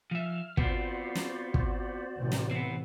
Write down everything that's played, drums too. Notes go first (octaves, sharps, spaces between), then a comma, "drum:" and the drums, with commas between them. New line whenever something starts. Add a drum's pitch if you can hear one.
F3 E5 F6
B3 C4 F4 F#4 C5 D5, drum: kick
drum: snare
drum: kick
A1 C3 E3
drum: snare
B3 C4